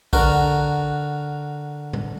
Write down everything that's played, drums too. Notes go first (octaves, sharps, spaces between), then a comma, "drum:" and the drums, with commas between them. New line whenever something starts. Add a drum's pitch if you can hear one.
D3 F#4 A#4, drum: kick
drum: tom A2